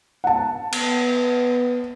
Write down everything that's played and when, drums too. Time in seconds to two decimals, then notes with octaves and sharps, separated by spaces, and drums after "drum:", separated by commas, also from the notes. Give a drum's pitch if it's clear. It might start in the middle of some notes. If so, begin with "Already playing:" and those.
0.24 F#5 A5
0.73 B3, drum: cymbal